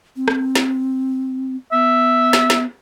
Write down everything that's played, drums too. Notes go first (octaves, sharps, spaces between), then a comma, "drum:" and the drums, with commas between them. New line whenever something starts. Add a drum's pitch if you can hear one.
C4
drum: rim click
drum: snare
B3 E5
drum: snare
drum: snare